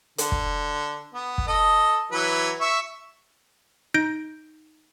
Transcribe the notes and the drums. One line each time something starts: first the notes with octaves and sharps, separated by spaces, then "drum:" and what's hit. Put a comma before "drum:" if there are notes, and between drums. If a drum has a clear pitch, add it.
D3, drum: hi-hat
drum: kick
B3
drum: kick
A4 D#5
E3 F#3 B4
E5 C#6
D#4 G6 A#6 D7